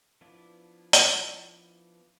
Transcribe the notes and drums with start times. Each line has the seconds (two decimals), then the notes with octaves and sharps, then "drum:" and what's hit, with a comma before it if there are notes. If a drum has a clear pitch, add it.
0.21 F3 B3 D4 E4 D5
0.93 drum: hi-hat